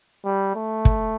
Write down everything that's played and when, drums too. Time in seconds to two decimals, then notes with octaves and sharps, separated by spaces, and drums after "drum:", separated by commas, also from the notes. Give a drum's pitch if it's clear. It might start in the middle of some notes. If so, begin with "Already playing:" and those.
0.25 G3
0.55 A3
0.85 drum: kick